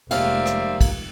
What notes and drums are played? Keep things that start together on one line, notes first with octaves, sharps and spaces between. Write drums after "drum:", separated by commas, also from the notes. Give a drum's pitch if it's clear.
F1 D#2 G#3 A#4 C5 D5 E5 F5, drum: cymbal
drum: rim click
drum: kick, cymbal